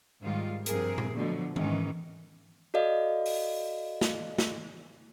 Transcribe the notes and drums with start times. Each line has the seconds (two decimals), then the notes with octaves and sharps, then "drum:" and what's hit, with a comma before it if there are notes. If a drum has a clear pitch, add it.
0.23 G#2 D#3 G3 F4
0.66 G2 C3 F3 G#4 A#4, drum: hi-hat
0.98 drum: tom A#2
1.15 B2 D3 F3 F#3 A3
1.56 G#2 D#3 E3 G#3 C#4, drum: tom E3
2.74 F#4 A4 D5 D#5 F5
3.26 drum: open hi-hat
4.01 drum: snare
4.38 drum: snare